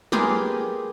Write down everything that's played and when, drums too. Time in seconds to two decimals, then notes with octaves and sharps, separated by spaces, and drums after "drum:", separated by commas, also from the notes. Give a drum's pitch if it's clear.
0.12 A#3 F4 G4 G#4 B4, drum: snare